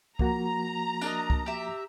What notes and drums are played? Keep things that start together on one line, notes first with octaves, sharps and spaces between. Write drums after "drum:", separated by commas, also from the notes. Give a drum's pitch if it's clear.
F3 A#3 F#4 A#5, drum: kick
D4 A#4 D#5, drum: tambourine
drum: kick
G4 E5